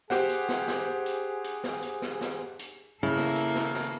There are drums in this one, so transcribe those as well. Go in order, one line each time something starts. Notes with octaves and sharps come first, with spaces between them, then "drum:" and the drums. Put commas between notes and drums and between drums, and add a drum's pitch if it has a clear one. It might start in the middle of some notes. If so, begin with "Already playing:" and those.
G4 G#4 C5 F#5, drum: snare
drum: hi-hat
drum: snare
drum: snare
drum: hi-hat
drum: hi-hat
drum: snare
drum: hi-hat
drum: snare
drum: snare
drum: hi-hat
C#3 A#3 E4 A4
drum: snare
drum: hi-hat
drum: snare
drum: snare